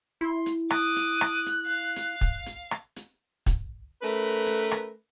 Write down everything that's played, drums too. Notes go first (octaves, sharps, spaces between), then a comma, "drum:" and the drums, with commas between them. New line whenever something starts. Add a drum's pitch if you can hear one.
E4 C6
drum: hi-hat
D6 D#6 F#6, drum: rim click
drum: hi-hat
drum: rim click
drum: hi-hat
F5
drum: hi-hat
drum: kick
drum: hi-hat
drum: rim click
drum: hi-hat
drum: kick, hi-hat
A3 C#4 A#4 B4
drum: hi-hat
drum: rim click